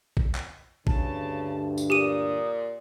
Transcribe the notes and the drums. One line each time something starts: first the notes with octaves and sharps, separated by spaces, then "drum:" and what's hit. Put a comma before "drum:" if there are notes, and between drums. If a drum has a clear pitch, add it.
drum: kick A1
drum: clap
D2 G2 C#3 A5, drum: kick A1
drum: tambourine
A#2 G4 D#6 D#7